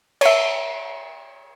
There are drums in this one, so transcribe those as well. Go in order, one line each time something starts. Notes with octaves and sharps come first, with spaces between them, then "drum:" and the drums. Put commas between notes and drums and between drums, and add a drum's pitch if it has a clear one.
C#5 E5, drum: cymbal